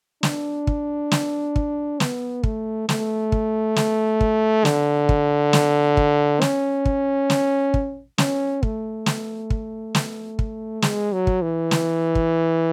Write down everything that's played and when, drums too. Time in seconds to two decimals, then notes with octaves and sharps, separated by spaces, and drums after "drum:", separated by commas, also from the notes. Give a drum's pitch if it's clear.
0.23 D4, drum: snare
0.67 drum: kick
1.11 drum: snare
1.56 drum: kick
2.00 B3, drum: snare
2.43 A3, drum: kick
2.89 A3, drum: snare
3.32 drum: kick
3.76 drum: snare
4.21 drum: kick
4.65 D3, drum: snare
5.09 drum: kick
5.53 drum: snare
5.97 drum: kick
6.41 C#4, drum: snare
6.85 drum: kick
7.30 drum: snare
7.74 drum: kick
8.18 C#4, drum: snare
8.63 A3, drum: kick
9.06 drum: snare
9.50 drum: kick
9.95 drum: snare
10.39 drum: kick
10.82 G#3, drum: snare
11.13 F#3
11.27 drum: kick
11.42 E3
11.71 drum: snare
12.15 drum: kick